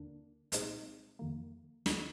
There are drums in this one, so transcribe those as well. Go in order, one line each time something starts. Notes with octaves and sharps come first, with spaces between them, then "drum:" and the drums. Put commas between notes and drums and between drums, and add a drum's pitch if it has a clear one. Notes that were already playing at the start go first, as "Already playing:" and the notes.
Already playing: D#2 D3 A#3 D4
C2 A#2 G#3 C4 D#4, drum: hi-hat
F2 D#3 A#3
D#2 D#3 G#3 D#4, drum: snare